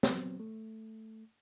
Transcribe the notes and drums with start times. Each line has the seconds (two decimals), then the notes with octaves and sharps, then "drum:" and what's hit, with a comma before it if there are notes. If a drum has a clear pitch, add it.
0.03 F#3 B3 C4, drum: snare
0.40 A3